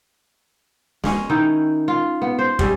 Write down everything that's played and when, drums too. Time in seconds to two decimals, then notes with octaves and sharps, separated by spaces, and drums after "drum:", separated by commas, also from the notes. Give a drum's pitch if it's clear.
1.04 G#3 C#4, drum: snare
1.30 D#3 D#4 E4 G5
1.88 F4
2.22 B3
2.39 C5
2.59 G3 C#4 G#4 E5, drum: kick